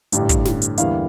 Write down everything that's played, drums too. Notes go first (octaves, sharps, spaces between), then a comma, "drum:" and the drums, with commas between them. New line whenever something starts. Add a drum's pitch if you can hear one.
A1 G2 D3 G3, drum: hi-hat
drum: kick, hi-hat
drum: snare
drum: hi-hat
E2 D3 G3 A#3 E4 F5, drum: hi-hat